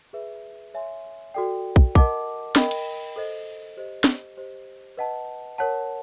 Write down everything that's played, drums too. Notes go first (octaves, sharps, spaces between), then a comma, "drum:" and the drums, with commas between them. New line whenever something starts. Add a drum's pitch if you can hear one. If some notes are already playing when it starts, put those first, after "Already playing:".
G#4 B4 E5
C#5 E5 G#5 C6
F#4 A4 D5 G5
drum: kick
A#4 D#5 F#5 A5 D6, drum: kick
A#4 D#5 G5 B5, drum: snare
drum: cymbal
A4 C5 D#5
G4 C5 D#5
drum: snare
G4 C5 D#5
B4 D#5 F#5 A5
A#4 C#5 F#5 A5